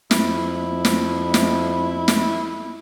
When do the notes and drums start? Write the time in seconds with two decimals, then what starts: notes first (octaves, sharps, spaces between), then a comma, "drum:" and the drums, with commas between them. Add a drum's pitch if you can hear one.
0.11 F2 E4, drum: snare
0.85 drum: snare
1.34 drum: snare
2.08 drum: snare